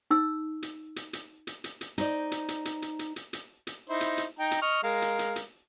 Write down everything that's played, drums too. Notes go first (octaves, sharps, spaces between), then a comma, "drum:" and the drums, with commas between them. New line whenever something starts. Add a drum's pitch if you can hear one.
D#4 E6
drum: hi-hat
drum: hi-hat
drum: hi-hat
drum: hi-hat
drum: hi-hat
drum: hi-hat
D#4 C5 D5, drum: hi-hat
drum: hi-hat
drum: hi-hat
drum: hi-hat
drum: hi-hat
drum: hi-hat
drum: hi-hat
drum: hi-hat
drum: hi-hat
D#4 E4 C5
drum: hi-hat
drum: hi-hat
D#4 G5 A#5
drum: hi-hat
D#5 C#6 F6
G#3 A#4 F5
drum: hi-hat
drum: hi-hat
drum: hi-hat